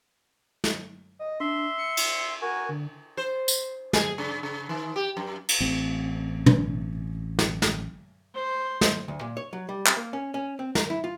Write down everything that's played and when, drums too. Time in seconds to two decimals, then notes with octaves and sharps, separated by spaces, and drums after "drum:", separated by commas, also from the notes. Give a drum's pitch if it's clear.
0.64 drum: snare
1.19 D#5
1.40 D4 E5 C6
1.78 C#7
1.97 drum: cymbal
2.42 F#4 A#4 G#5
2.69 D3
3.17 C5
3.48 drum: tambourine
3.93 G#4, drum: snare
4.18 C#3
4.43 C#3
4.69 D#3
4.96 G4
5.17 F#2
5.49 drum: cymbal
5.60 A1 C4
6.46 drum: tom
7.39 drum: snare
7.62 drum: snare
8.35 C5
8.81 drum: snare
9.08 D2
9.21 A#2
9.37 C#5
9.53 F#3
9.69 G3
9.86 drum: clap
9.97 A#3
10.13 C#4
10.34 C#4
10.59 C4
10.75 A#4, drum: snare
10.90 E4
11.04 F4